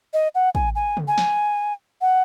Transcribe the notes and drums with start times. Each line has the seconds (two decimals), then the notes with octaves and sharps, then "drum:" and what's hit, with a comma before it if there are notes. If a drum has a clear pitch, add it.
0.14 D#5
0.35 F#5
0.55 G#5, drum: kick
0.75 G#5
0.97 drum: tom C#3
1.08 G#5
1.18 drum: snare
2.01 F#5